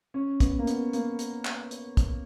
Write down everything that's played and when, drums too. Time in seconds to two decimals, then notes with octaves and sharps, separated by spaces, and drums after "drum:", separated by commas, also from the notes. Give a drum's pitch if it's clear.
0.14 C#4
0.40 B3, drum: kick, hi-hat
0.59 A#3
0.67 B3, drum: hi-hat
0.93 A#3, drum: hi-hat
1.19 drum: hi-hat
1.45 drum: clap
1.71 drum: hi-hat
1.97 drum: kick, hi-hat